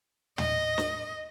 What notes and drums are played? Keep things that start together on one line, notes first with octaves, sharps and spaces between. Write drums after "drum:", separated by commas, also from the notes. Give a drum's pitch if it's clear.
D#5, drum: tom
drum: snare